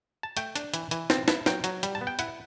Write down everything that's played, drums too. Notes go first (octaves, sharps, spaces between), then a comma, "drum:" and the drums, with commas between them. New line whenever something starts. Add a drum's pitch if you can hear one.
A5
A3 G5, drum: hi-hat
D4, drum: hi-hat
E3, drum: hi-hat
E3, drum: hi-hat
C4 A5, drum: snare
E4 A5, drum: snare
F#3 G5, drum: snare
F#3, drum: hi-hat
G3, drum: hi-hat
A5
B3
G5
E4 F#5, drum: hi-hat